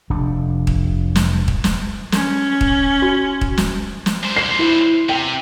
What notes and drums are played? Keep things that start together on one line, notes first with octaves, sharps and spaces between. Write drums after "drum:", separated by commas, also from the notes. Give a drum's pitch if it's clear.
F1 C3 D4
drum: kick
drum: snare
drum: kick
drum: snare
C#4, drum: snare
drum: kick
F#4
drum: kick
drum: snare
drum: snare
D4 C5
C7
E4
C3 G5